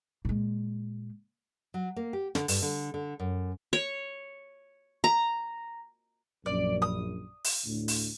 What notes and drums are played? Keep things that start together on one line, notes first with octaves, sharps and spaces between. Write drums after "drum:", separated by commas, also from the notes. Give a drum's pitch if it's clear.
A#2 G#3
F#3
A#3
G4
D3, drum: snare
G2, drum: open hi-hat
D3
D3
F#2
C#5
A#5
A#1 F#2 D5
D#6
drum: open hi-hat
D2 A2
drum: open hi-hat